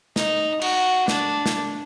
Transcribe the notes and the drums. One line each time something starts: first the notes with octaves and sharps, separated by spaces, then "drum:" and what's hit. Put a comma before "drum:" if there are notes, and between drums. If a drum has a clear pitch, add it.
D#4, drum: snare
F#4, drum: cymbal
D4, drum: snare
drum: snare